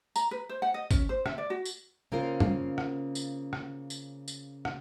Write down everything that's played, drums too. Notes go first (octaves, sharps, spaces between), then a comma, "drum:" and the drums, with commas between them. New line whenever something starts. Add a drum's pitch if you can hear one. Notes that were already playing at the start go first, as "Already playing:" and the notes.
A#5, drum: tambourine
B4
C5
F#5
D#5
C#4, drum: kick, tambourine
C5
E5, drum: rim click
D5
F#4
drum: tambourine
C#3 A#3 C4 C#4 F4 A#4
drum: tom F#2
drum: rim click
drum: tambourine
drum: rim click
drum: tambourine
drum: tambourine
drum: rim click